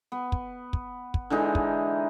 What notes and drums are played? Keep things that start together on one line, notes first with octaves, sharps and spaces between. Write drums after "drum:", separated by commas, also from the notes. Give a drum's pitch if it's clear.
B3
drum: kick
drum: kick
drum: kick
D3 E3 G#3 D#4
drum: kick